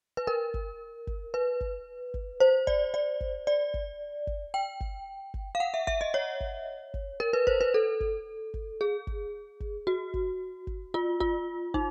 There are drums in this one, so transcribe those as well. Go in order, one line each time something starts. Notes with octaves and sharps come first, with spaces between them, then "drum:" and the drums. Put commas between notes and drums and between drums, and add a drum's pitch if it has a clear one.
B4
A#4
drum: kick
drum: kick
B4
drum: kick
drum: kick
C5
D5, drum: kick
D5
drum: kick
D5
drum: kick
drum: kick
G5
drum: kick
drum: kick
F5
F#5
E5
E5, drum: kick
D#5
C#5
drum: kick
drum: kick
A#4
B4
C5, drum: kick
B4
A4
drum: kick
drum: kick
G#4
drum: kick
drum: kick
F#4
drum: kick
drum: kick
F4
F4, drum: kick
D#4, drum: kick